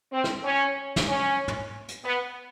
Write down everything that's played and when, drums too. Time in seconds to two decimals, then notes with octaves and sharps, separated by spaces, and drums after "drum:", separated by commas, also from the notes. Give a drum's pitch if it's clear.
0.13 C4
0.24 drum: rim click
0.45 C#4
0.96 drum: snare
1.09 C#4
1.48 drum: tom
1.88 drum: hi-hat
2.05 B3